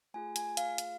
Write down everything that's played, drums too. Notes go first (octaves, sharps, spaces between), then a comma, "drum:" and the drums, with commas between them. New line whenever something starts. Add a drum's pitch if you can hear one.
A3 F4 G#4 G#5
G#5, drum: hi-hat
F5, drum: hi-hat
drum: hi-hat